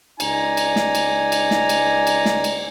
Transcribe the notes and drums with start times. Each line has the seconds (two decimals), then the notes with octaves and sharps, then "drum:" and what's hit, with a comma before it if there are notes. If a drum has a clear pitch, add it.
0.20 C#2 D#4 D5 G#5 A#5, drum: cymbal
0.57 drum: cymbal
0.76 drum: snare
0.95 drum: cymbal
1.32 drum: cymbal
1.51 drum: snare
1.69 drum: cymbal
2.07 drum: cymbal
2.25 drum: snare
2.44 drum: cymbal